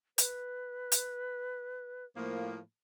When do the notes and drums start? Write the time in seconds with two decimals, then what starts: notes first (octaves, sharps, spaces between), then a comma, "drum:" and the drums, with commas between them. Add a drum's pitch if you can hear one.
0.18 B4, drum: hi-hat
0.92 drum: hi-hat
2.15 A2 F3 A#3